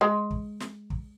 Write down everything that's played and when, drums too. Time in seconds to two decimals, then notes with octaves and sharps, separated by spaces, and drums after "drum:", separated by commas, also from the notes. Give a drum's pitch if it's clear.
0.01 G#3
0.30 drum: kick
0.60 drum: snare
0.90 drum: kick